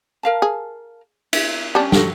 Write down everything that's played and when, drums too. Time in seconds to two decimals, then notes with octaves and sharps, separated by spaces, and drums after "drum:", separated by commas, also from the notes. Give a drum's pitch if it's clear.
0.23 A#4 F5 A5
0.42 G#4
1.33 E5, drum: cymbal
1.75 G3 C#4 D4 A5
1.92 F#4 A4 G5, drum: snare